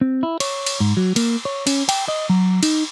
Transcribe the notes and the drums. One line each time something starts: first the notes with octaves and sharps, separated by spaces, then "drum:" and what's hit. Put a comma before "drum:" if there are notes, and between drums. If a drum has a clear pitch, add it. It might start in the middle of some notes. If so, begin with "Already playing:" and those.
C4
E4
C#5, drum: cymbal
drum: cymbal
G#2
F#3
A#3, drum: cymbal
C#5
C#4, drum: cymbal
G5, drum: cymbal
D#5
F#3
D#4, drum: cymbal